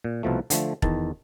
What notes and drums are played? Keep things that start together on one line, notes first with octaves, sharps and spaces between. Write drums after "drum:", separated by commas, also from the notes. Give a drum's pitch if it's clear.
A#2
C2 B2 F3 A3
D3 F3 A3, drum: hi-hat
E2 D#3 A5, drum: kick